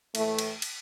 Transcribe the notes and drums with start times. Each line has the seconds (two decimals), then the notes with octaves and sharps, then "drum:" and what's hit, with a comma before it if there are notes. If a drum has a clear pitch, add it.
0.15 A2 E3 A3, drum: cymbal
0.39 drum: cymbal
0.62 drum: cymbal